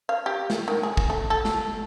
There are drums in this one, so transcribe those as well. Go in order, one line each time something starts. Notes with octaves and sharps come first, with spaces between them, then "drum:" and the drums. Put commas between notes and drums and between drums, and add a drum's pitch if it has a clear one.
F5
G4
drum: snare
D#3
G#4
drum: kick
A3
A4
drum: snare